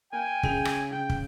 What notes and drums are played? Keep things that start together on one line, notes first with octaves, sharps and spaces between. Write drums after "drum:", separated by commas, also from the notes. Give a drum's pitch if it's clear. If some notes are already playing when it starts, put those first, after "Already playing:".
A#3 G5 G#5
C#3 G#4 F7, drum: kick
drum: rim click
C#3 G5
drum: kick